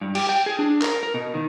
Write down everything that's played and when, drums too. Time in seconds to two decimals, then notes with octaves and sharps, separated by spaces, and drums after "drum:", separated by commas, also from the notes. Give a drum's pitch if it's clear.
0.01 G2
0.15 G4, drum: cymbal
0.29 G5
0.46 G#4
0.59 D4
0.82 A#4, drum: clap
1.03 A#4
1.14 B2
1.34 D#3